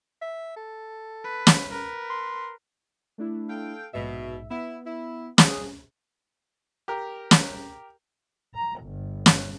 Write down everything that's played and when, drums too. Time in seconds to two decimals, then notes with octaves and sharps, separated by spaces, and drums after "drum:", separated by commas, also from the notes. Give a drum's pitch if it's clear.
0.22 E5
0.56 A4
1.24 B4
1.47 drum: snare
1.71 A#4 B4
2.10 C6
3.18 A3 D4 E4
3.49 A4 F5 G5
3.93 A#1 G#2 B2 E5
4.50 B3 E4
4.86 E4
5.38 G#4, drum: snare
6.88 G4 A#4
7.31 drum: snare
8.54 A#5
8.84 G1
9.26 drum: snare